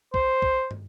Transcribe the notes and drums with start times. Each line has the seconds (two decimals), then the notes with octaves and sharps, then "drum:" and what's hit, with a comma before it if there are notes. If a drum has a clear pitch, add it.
0.14 C5, drum: kick
0.42 drum: kick
0.71 drum: tom